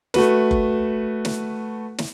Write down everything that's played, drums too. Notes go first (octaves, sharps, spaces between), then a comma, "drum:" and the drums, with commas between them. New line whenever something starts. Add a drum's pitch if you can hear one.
A3 F#4 B4, drum: snare
drum: kick F#1
drum: snare
drum: snare